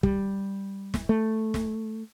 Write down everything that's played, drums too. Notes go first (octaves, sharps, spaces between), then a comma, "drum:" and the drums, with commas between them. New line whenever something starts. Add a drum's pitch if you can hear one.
G3, drum: kick
drum: snare
A3
drum: snare